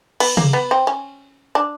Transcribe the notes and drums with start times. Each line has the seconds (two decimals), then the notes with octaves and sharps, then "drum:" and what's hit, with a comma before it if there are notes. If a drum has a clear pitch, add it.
0.20 B3, drum: cymbal
0.37 A#3, drum: tom C3
0.53 B3
0.71 C4
0.87 C#4
1.55 D4